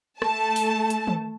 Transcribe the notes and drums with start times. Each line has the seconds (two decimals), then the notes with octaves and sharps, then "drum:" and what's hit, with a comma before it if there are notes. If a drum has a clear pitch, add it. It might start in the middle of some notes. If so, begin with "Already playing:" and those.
0.22 A3 A5, drum: rim click
0.56 drum: open hi-hat
0.90 drum: hi-hat
1.07 drum: tom D#3